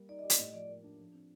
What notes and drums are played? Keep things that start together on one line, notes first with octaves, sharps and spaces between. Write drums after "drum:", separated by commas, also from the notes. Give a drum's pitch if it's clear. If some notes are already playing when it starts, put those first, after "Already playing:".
Already playing: G3 A#3
D#4 D5
D#5
G4
D5, drum: hi-hat
A2 D#5
F3 D5
A#3
D4
F3
C4